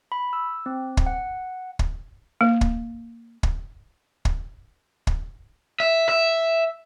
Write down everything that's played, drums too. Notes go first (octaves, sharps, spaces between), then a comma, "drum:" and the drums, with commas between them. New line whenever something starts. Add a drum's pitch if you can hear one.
B5
E6
C4
drum: kick
F#5
drum: kick
A#3
drum: kick
drum: kick
drum: kick
drum: kick
E5
E5